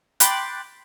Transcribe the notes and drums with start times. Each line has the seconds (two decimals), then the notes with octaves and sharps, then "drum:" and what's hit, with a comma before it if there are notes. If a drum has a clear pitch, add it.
0.20 G5 B5 C6 D6 F#6 A6, drum: hi-hat